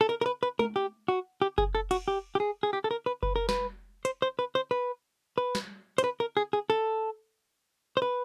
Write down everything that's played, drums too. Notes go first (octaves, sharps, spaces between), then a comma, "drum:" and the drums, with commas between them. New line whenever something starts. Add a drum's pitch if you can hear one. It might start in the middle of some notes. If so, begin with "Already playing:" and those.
A4
A#4
A#4
B4
B4
A#4, drum: tom G#3
G4
F#4
G4
G#4, drum: kick F#1
A4
F#4, drum: cymbal
G4
G4
G#4
G#4
G4
A4
A#4
B4
B4, drum: kick F#1
A#4
B4, drum: snare
C5, drum: hi-hat
C5
B4
C5
B4
B4
drum: snare
C5, drum: hi-hat
B4
A#4
G#4
G#4
A4
C5
B4